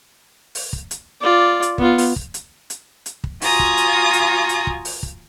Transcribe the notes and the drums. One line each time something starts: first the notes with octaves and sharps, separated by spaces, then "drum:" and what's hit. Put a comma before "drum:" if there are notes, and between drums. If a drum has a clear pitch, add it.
drum: open hi-hat
drum: kick
drum: hi-hat
F4 D5
drum: hi-hat
B3 F4, drum: kick
drum: open hi-hat
drum: kick
drum: hi-hat
drum: hi-hat
drum: hi-hat
drum: kick
F4 F#4 G#5 A#5 D#6, drum: open hi-hat
drum: kick
drum: hi-hat
drum: hi-hat
drum: hi-hat
drum: kick
drum: open hi-hat
drum: kick